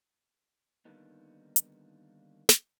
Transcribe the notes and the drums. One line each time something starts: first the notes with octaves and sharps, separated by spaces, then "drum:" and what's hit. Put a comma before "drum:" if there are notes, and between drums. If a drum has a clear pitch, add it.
D3 D#3 G3 A#3 B3 D#4
drum: hi-hat
drum: snare